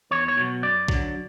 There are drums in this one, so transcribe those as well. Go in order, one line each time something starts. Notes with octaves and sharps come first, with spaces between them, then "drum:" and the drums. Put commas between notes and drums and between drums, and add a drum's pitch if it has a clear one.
E2 C#5
C#5
B2 F#3
F#2 D5
D3 F#3, drum: kick